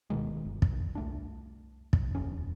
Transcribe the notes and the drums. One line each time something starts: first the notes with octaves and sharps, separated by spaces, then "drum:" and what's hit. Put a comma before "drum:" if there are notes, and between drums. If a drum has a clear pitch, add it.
D1 B2 D#3 G#3
G1
drum: kick
C2
C2 A3 D4
drum: kick
D#1 F2 C#4